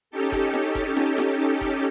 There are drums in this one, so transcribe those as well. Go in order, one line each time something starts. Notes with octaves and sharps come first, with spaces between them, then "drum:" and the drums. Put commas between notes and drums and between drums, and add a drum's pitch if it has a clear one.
C#4 D#4 G4 A4
drum: kick F#1, hi-hat
drum: snare
drum: kick F#1, hi-hat
drum: snare
drum: snare
drum: kick F#1, hi-hat